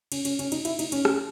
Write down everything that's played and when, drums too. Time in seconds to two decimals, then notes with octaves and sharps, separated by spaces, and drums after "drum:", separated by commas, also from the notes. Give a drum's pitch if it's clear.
0.12 C#4, drum: cymbal
0.25 C#4, drum: cymbal
0.39 C#4, drum: cymbal
0.52 D#4, drum: cymbal
0.65 E4, drum: cymbal
0.79 D#4, drum: cymbal
0.92 C#4, drum: cymbal
1.05 C#4, drum: rim click